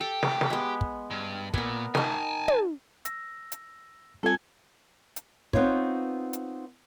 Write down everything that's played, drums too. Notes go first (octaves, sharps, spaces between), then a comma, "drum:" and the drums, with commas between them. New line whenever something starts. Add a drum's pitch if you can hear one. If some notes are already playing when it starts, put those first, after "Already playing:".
G4 A4
drum: snare
drum: snare
G#3 B3
drum: kick
G2
A#2 B3 A#4, drum: kick
D#4 A#4 G#5 A5, drum: snare
drum: tom
E6 A#6, drum: hi-hat
drum: hi-hat
G3 C4 F4 A4 G#5
drum: hi-hat
B3 C4 D#4 F4 C#5, drum: kick
drum: hi-hat